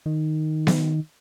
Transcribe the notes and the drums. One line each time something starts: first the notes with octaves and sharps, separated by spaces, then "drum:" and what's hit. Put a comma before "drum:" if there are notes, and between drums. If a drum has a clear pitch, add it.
D#3
drum: snare B3